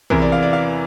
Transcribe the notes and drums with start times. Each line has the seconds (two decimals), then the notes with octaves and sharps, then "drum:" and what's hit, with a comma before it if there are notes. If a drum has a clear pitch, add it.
0.10 E2 C3 E3 A#4, drum: kick A#1
0.22 D5
0.32 F5
0.43 D5
0.53 F5